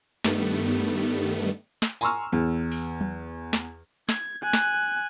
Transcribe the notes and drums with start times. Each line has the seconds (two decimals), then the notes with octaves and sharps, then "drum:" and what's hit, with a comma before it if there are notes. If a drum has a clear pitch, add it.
0.24 G2 D#3 G3 A3 B3, drum: snare
1.82 drum: snare
2.01 G#5 A#5 C6 C#6 E6 F6, drum: tambourine
2.33 E2
2.72 drum: open hi-hat
3.01 drum: tom F#3
3.53 drum: snare
4.09 G#6, drum: snare
4.43 G#5 F#6
4.53 drum: snare